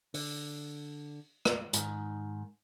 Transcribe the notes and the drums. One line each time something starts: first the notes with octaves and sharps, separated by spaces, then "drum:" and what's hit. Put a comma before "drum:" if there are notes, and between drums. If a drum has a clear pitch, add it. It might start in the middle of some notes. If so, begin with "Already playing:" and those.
D3, drum: open hi-hat
drum: rim click
G#2 D#3, drum: hi-hat